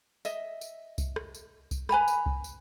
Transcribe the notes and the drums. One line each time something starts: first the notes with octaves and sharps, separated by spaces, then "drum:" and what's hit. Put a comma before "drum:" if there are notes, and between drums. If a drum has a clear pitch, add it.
D#5 E5, drum: tambourine
drum: tambourine
drum: kick C2, tambourine
drum: rim click
drum: tambourine
drum: kick C2, tambourine
B4 G#5 A#5 B5, drum: rim click
drum: tambourine
drum: kick C2
drum: tambourine